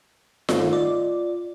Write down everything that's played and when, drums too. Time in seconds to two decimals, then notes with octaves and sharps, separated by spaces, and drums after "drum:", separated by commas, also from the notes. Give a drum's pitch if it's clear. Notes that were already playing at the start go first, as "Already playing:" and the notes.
0.49 D#3 A3, drum: snare F4
0.73 F4 D5 D#5